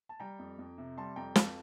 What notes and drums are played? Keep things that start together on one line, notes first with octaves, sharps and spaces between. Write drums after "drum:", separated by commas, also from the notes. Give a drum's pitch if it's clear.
A5
G3 G5 A#5
F2
F2
C3
G3 A5 C6
F2 G5 A#5
F2 F5 A5, drum: snare